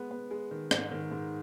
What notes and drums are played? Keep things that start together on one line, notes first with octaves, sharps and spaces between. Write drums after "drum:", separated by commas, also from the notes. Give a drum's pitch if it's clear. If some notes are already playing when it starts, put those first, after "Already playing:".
Already playing: G#3 B3
B3
G#3
D#3
G#2, drum: rim click
D#3
G#2